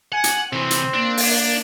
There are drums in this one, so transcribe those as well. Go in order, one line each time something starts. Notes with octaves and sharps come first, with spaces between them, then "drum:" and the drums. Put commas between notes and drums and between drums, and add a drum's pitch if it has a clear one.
F#5 G#5
drum: hi-hat
C3 E3 C4
drum: hi-hat
A#3 D4
drum: open hi-hat